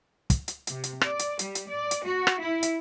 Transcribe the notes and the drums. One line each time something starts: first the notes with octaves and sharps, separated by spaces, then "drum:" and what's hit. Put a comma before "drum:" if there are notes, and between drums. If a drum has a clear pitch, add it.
drum: kick, hi-hat
drum: hi-hat
C3, drum: hi-hat
drum: hi-hat
D5, drum: rim click
drum: hi-hat
G3, drum: hi-hat
drum: hi-hat
D5
drum: hi-hat
F#4
drum: rim click
E4
drum: hi-hat